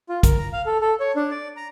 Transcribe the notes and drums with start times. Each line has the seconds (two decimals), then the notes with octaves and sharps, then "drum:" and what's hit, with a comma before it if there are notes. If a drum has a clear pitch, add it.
0.09 F4
0.23 A#4, drum: kick, hi-hat
0.39 A#5
0.53 F5
0.66 A4
0.81 A4
1.00 C#5
1.16 D4
1.31 D5
1.57 A#5